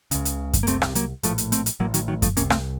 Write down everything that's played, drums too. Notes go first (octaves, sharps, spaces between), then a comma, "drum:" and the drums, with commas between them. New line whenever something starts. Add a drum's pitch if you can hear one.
C#2 C#3, drum: hi-hat
drum: hi-hat
drum: kick F#2, hi-hat
A#3
C2 C3 A3 C4, drum: hi-hat
drum: rim click
F#3 A#3, drum: hi-hat
A#1 A2 F3 A3, drum: hi-hat
drum: hi-hat
A3 C4, drum: hi-hat
drum: hi-hat
A1 A2 F#3 A#3
D#3 F#3, drum: hi-hat
D#3 F#3
F3 A3, drum: kick F#2, hi-hat
C2 C3 A#3 C#4, drum: hi-hat
A3 C4, drum: rim click